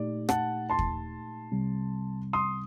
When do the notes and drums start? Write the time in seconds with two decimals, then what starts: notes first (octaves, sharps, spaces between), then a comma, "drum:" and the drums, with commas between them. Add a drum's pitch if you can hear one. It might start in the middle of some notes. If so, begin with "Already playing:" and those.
Already playing: A#2 A3 D#4 G4 D5
0.29 F#5 A5, drum: rim click
0.70 A5 C6
0.79 drum: kick
1.52 C2 C3 G3 C4
2.33 C6 D#6